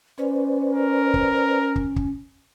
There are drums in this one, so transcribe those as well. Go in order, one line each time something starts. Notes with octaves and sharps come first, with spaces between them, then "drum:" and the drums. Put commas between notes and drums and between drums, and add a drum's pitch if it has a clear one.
C#4 B4 C5 D5
A#4
drum: kick
drum: kick
drum: kick